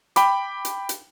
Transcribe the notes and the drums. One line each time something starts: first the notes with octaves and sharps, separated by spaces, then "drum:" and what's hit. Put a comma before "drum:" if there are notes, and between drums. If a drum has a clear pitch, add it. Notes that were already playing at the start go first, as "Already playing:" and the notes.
G5 B5 D6, drum: hi-hat
drum: hi-hat
drum: hi-hat